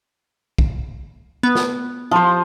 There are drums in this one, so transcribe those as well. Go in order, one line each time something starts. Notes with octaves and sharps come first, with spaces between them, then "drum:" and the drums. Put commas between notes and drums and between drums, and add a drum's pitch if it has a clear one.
drum: kick
B3
drum: snare
F3 C5